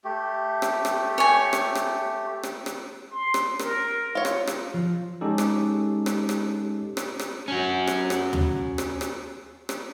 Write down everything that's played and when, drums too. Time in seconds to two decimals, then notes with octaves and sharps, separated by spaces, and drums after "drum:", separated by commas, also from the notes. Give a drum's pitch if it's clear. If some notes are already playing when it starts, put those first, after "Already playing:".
0.04 A3 G4
0.62 drum: rim click
0.85 drum: rim click
1.18 C#5 G#5
1.53 drum: rim click
1.75 drum: rim click
2.43 drum: rim click
2.66 drum: rim click
3.11 C6
3.34 drum: rim click
3.59 A#4, drum: rim click
4.15 F4 C#5
4.25 drum: rim click
4.47 drum: rim click
4.74 F3
5.21 G#3 C#4 D#4 G4 A4
5.38 drum: rim click
6.06 drum: rim click
6.29 drum: rim click
6.97 drum: rim click
7.19 drum: rim click
7.48 C#4 F#4
7.87 drum: rim click
8.10 drum: rim click
8.33 drum: tom
8.78 drum: rim click
9.01 drum: rim click
9.69 drum: rim click